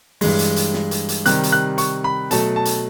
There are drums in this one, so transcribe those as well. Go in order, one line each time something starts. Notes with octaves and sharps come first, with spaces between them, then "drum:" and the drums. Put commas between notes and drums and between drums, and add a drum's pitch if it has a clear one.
G2 E3 G#3, drum: open hi-hat
drum: hi-hat
drum: hi-hat
drum: snare
drum: hi-hat
drum: hi-hat
C3 D#3 G3 F#6, drum: hi-hat
drum: hi-hat
F#6
C#6, drum: hi-hat
B5
B2 F#3 A3 A5, drum: hi-hat
A5
drum: hi-hat